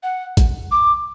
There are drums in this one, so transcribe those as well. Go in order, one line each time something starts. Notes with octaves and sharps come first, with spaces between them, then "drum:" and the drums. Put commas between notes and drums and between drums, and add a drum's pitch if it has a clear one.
F#5
drum: kick A1, hi-hat
D6